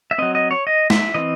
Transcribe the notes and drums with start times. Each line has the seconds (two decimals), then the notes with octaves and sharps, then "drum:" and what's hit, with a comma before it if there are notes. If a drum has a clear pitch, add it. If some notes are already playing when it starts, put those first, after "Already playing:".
0.11 E5
0.18 F#3 C4 D#5
0.35 D#5
0.51 C#5
0.67 D#5
0.90 E5, drum: snare
1.14 E3 C4 D#5